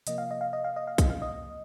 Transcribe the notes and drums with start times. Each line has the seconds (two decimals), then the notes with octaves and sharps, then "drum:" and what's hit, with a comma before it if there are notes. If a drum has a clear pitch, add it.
0.07 C3 F3 A#3 D#5, drum: hi-hat
0.18 F5
0.31 D#5
0.41 F5
0.53 D#5
0.64 F5
0.76 D#5
0.87 F5
0.98 D#5, drum: kick B1, hi-hat
1.10 F5
1.22 D#5